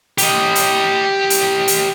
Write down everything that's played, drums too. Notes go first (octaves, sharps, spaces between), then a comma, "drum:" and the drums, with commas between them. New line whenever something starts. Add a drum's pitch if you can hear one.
G4 D#5, drum: hi-hat
drum: hi-hat
drum: hi-hat
drum: hi-hat